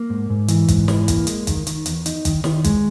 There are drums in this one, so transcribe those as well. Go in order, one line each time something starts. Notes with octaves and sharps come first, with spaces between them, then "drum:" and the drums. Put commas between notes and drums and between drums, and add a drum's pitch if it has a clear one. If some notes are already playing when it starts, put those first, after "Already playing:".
Already playing: A#3
G#2
G#2
E3, drum: hi-hat
G#2, drum: kick, hi-hat
E3, drum: snare
A#3, drum: kick, hi-hat
G#3, drum: hi-hat
D#3, drum: kick, hi-hat
D#3, drum: hi-hat
E2, drum: hi-hat
D#4, drum: hi-hat
D#3, drum: kick, hi-hat
D#3, drum: snare
G#3, drum: kick, hi-hat